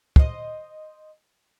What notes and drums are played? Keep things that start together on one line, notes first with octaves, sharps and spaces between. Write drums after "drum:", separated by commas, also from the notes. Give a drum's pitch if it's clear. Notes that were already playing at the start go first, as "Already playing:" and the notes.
C5 D#5, drum: kick